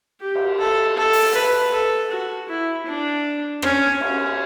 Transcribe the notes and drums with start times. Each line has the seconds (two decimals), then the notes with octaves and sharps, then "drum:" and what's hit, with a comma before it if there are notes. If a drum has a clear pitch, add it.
0.21 G4
0.35 drum: cymbal
0.59 A4
0.97 A4
1.13 drum: open hi-hat
1.35 B4
1.73 A4
2.11 F#4
2.49 E4
2.87 D4
3.62 C#4, drum: rim click
4.01 C#4, drum: cymbal